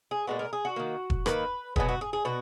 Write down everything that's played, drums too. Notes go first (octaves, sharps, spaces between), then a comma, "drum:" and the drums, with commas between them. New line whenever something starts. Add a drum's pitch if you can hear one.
G#4
A#2 G#3 B3 F#4
A#4
G#4
F#4
D#3 A#3
drum: kick E1
D#3 A#3 B4, drum: rim click
B2 F#3 B3 G#4, drum: kick E1
F#4
G#4
G#4
B2 F#4